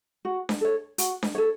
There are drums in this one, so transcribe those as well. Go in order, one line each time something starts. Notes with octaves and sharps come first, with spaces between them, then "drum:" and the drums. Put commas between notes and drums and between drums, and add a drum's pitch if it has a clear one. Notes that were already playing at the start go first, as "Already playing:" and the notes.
F#4
drum: snare D4
A4 C#5
F#4, drum: hi-hat
drum: snare D4
A4 C#5